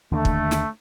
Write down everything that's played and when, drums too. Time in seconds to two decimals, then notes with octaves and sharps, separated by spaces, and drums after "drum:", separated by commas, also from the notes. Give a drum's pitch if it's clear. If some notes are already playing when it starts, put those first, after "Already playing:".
0.12 D#2 D3 A3
0.25 drum: kick
0.51 drum: snare